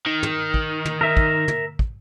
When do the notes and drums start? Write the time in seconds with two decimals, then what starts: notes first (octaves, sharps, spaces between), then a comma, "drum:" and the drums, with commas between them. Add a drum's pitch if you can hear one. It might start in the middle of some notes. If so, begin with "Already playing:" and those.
0.06 D#3
0.23 drum: tom
0.54 drum: kick
0.85 drum: tom
1.01 A#4 E5
1.17 drum: kick
1.48 drum: tom
1.79 drum: kick